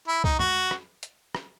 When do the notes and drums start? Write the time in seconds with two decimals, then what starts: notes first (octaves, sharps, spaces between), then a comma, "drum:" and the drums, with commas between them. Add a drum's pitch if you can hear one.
0.08 E4
0.24 D#4, drum: kick C2
0.39 F#4, drum: tom
0.71 drum: rim click
1.03 drum: hi-hat
1.35 drum: rim click